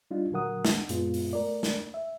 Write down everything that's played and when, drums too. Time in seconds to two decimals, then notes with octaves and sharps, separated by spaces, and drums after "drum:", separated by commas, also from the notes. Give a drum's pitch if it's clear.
0.11 G3 D4 D#4 F4
0.32 A#2 D3 F#3 A#4 F#5 D#6
0.65 drum: snare
0.89 F#2 A#2 G#3 B3 F4, drum: hi-hat
1.14 drum: open hi-hat
1.33 A3 A#4 D5
1.63 drum: snare
1.94 E5